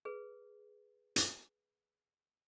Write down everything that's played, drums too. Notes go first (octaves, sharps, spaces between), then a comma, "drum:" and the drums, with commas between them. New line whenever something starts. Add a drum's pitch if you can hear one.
G#4 B4
drum: hi-hat